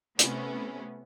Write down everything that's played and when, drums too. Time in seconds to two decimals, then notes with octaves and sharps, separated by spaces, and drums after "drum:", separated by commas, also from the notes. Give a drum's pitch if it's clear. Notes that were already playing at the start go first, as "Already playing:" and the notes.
0.19 C3 A3 B3 C#4 E4, drum: hi-hat